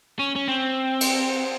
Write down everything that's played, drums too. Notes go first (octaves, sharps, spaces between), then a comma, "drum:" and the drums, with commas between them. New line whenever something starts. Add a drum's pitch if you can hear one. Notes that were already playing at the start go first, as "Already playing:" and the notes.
C#4
C#4
C4
drum: cymbal